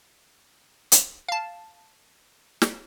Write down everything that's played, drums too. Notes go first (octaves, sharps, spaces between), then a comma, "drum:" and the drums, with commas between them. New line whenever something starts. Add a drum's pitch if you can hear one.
drum: hi-hat
F5 A5
drum: snare